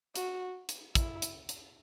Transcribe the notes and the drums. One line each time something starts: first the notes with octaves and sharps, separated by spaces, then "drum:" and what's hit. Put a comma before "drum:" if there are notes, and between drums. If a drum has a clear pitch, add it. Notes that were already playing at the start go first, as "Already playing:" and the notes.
F#4, drum: hi-hat
drum: hi-hat
E4, drum: kick, hi-hat
drum: hi-hat
drum: hi-hat